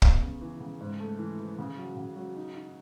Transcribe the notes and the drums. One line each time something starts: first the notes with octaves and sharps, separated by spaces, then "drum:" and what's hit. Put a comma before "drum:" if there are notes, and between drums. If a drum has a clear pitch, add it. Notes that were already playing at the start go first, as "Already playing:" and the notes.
E2, drum: kick
C#3
E3
C#3
G#2
A3
E3
E3
C#3
F#3
C#3
F#3
D#4
D#4